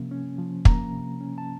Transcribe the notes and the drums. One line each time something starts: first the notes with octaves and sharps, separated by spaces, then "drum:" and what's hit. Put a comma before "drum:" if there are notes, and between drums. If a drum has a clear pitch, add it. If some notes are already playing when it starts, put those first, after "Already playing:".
Already playing: C3 F3 A#3 C#4
C#4
F3
A#3 A#5, drum: kick
C3
C#4
A5